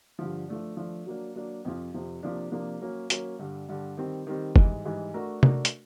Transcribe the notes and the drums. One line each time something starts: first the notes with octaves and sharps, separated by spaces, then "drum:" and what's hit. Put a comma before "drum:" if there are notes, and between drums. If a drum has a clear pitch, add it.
G2 D3 F3
F3 A3 D4
F3 A3 D4
F#3 A#3 D4
F#3 A#3 D4
F2 C3 F3
F2 C3 F3
C3 F3 A#3 D4
C3 F3 A#3 D4
F#3 A#3 C#4
F#3 A#3 C#4, drum: hi-hat
G2 D3 G3
G2 D3 G3
D#3 G3 C4
D#3 G3 C4
G#2 E3 G3, drum: kick F#1
G#2 E3 G3
A3 D4 F#4 A#4
A3 D4 F#4 A#4, drum: tom C3
drum: hi-hat